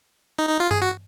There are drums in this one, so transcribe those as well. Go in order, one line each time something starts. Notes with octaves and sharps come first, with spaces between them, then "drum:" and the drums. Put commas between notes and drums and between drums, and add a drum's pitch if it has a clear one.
D#4
D#4
F4
G#4, drum: tom G2
F#4